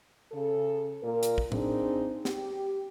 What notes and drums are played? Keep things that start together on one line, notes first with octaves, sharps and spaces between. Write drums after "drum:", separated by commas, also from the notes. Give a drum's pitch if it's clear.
C#3 A4
A#2 A#4
drum: hi-hat
drum: kick
C4 D4 D#4 G#4, drum: tom A2
G4, drum: snare